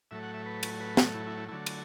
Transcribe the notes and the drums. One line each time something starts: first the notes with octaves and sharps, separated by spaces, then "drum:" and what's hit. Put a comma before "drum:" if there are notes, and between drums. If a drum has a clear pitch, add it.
A2 F#3 A3 E5
F#5
E5
B4
drum: cymbal
B4
drum: snare
E4
E4
E4
D3 F#3 A3 E4
drum: cymbal